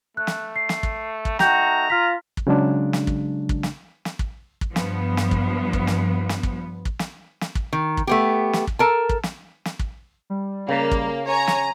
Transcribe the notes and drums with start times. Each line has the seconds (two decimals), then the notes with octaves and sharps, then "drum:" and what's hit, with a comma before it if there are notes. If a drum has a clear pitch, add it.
0.17 A3 F#6
0.27 drum: snare
0.56 C7
0.69 drum: snare
0.83 drum: kick
1.25 drum: kick
1.39 A3 D#4 F#4 G5 A#5 G6, drum: snare
1.90 F4 F6 B6
2.37 drum: kick
2.47 C#3 F#3 G#3 D4
2.93 drum: snare
3.07 drum: kick
3.49 drum: kick
3.63 drum: snare
4.05 drum: snare
4.19 drum: kick
4.61 drum: kick
4.76 G2 F3 B3, drum: snare
5.17 drum: snare
5.31 drum: kick
5.73 drum: kick
5.87 drum: snare
6.29 drum: snare
6.43 drum: kick
6.85 drum: kick
6.99 drum: snare
7.41 drum: snare
7.55 drum: kick
7.73 D#3
7.97 drum: kick
8.07 A3 B3 G4
8.53 drum: snare
8.67 drum: kick
8.79 A4 A#4 A5
9.09 drum: kick
9.23 drum: snare
9.65 drum: snare
9.79 drum: kick
10.30 G3
10.69 C#3 A#3
10.91 drum: kick
11.28 C#5 G#5 A#5
11.47 drum: snare